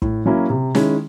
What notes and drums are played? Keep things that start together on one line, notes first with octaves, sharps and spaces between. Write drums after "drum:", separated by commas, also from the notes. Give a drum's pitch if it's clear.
A2, drum: kick
F#3 A#3 C#4 E4
C3
D#3 G#3 C#4 E4, drum: snare